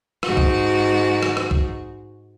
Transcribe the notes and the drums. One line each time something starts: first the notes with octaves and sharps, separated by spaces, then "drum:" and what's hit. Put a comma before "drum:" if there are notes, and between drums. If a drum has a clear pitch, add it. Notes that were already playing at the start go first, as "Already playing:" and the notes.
G#2 F#4, drum: rim click
drum: kick
drum: rim click
drum: rim click
drum: kick